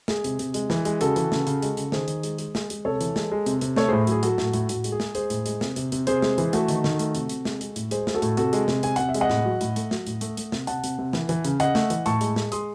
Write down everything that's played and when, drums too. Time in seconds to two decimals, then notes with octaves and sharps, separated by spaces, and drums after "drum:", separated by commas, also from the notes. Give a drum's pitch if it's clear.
0.08 G#3 G#4, drum: snare
0.24 C3, drum: hi-hat
0.39 C3, drum: hi-hat
0.54 G#3, drum: hi-hat
0.70 E3, drum: snare
0.85 G#3, drum: hi-hat
1.01 C#3 F#4 A4, drum: hi-hat
1.16 E3, drum: hi-hat
1.32 C#3, drum: snare
1.47 C#3, drum: hi-hat
1.62 G#3, drum: hi-hat
1.77 C#3, drum: hi-hat
1.92 D#3 G#4 C5, drum: snare
2.08 D#3, drum: hi-hat
2.23 G#3, drum: hi-hat
2.38 G#3, drum: hi-hat
2.55 G#3, drum: snare
2.70 G#3, drum: hi-hat
2.85 C3 A4 C#5
3.01 E3, drum: hi-hat
3.16 G#3, drum: snare
3.32 G#3
3.46 C3, drum: hi-hat
3.61 C3, drum: hi-hat
3.76 A3 A4 C#5, drum: snare
3.88 A2 G#4 C5
4.07 F#3 G#4, drum: hi-hat
4.23 F#3 F#4 A4, drum: hi-hat
4.38 A2, drum: snare
4.53 A2, drum: hi-hat
4.69 A2 F#4, drum: hi-hat
4.84 G#3, drum: hi-hat
4.92 G#4
5.00 G#3, drum: snare
5.15 G#3 G#4 C5, drum: hi-hat
5.30 A2, drum: hi-hat
5.46 G#3, drum: hi-hat
5.61 C3, drum: snare
5.76 C3, drum: hi-hat
5.92 C3, drum: hi-hat
6.07 C3 G#4 C5, drum: hi-hat
6.22 G#3, drum: snare
6.38 E3, drum: hi-hat
6.53 A3 F#4 A4, drum: hi-hat
6.68 D#3, drum: hi-hat
6.84 D#3, drum: snare
6.99 A3, drum: hi-hat
7.15 C3, drum: hi-hat
7.29 C3, drum: hi-hat
7.45 G#3, drum: snare
7.61 G#3, drum: hi-hat
7.76 A2, drum: hi-hat
7.91 G#3 G#4 C5, drum: hi-hat
8.07 G#3, drum: snare
8.15 F#4 A4
8.22 A2, drum: hi-hat
8.37 C3 F#4 A4, drum: hi-hat
8.53 G#3, drum: hi-hat
8.68 C3, drum: snare
8.83 C3 G#5, drum: hi-hat
8.96 C3 F#5, drum: hi-hat
9.09 E5
9.14 G#3, drum: hi-hat
9.21 D#5 F#5
9.30 A2, drum: snare
9.45 F#3
9.61 A2, drum: hi-hat
9.76 A3, drum: hi-hat
9.91 F#3, drum: snare
10.07 A2, drum: hi-hat
10.21 A3, drum: hi-hat
10.37 A3, drum: hi-hat
10.52 C3, drum: snare
10.67 C3 F#5 A5, drum: hi-hat
10.84 C3, drum: hi-hat
10.98 C3
11.13 E3, drum: snare
11.29 E3, drum: hi-hat
11.45 C#3, drum: hi-hat
11.60 C#3 D#5 F#5, drum: hi-hat
11.75 A3, drum: snare
11.90 E3, drum: hi-hat
12.06 A2 A5 C#6, drum: hi-hat
12.21 G#3, drum: hi-hat
12.36 G#3, drum: snare
12.52 G#3 C6 D#6, drum: hi-hat